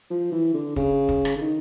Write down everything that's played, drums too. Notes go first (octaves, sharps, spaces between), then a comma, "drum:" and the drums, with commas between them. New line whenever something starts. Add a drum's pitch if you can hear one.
F3
E3
D3
C#3, drum: kick
drum: kick
drum: rim click
D3
D#3